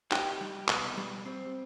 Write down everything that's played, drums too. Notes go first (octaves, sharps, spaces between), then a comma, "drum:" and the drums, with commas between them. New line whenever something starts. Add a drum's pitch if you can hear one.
D#4 G4 G5, drum: clap
G3
B2, drum: clap
G3
C4